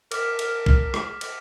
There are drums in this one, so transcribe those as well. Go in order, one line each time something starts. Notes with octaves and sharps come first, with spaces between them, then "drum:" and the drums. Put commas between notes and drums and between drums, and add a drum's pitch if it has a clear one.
A#4 D6 F6 B6, drum: cymbal
drum: cymbal
drum: kick
drum: rim click
drum: cymbal